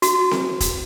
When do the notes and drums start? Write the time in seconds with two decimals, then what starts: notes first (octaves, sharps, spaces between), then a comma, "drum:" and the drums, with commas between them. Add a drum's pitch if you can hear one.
0.02 F#4, drum: hi-hat
0.31 drum: snare C4
0.60 drum: kick, hi-hat